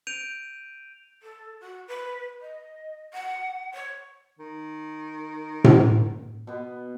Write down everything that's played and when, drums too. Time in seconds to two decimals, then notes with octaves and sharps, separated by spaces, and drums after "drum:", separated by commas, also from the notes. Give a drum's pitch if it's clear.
0.07 G6 D7 D#7 F7
1.22 A4
1.60 F#4
1.88 B4
2.41 D#5
3.13 F#5
3.74 C#5
4.39 D#3
5.64 drum: tom A2
6.47 B2 B3